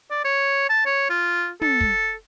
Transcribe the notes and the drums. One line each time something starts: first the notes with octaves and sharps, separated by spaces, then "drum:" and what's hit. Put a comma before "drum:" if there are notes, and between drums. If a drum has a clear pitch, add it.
D5
C#5
A5
C#5
F4
A4, drum: tom
drum: kick